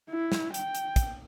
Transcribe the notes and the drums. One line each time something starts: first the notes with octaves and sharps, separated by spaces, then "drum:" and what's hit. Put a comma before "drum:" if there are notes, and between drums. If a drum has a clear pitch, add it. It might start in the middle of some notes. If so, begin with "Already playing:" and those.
E4
drum: snare
G5, drum: hi-hat
drum: hi-hat
drum: kick, hi-hat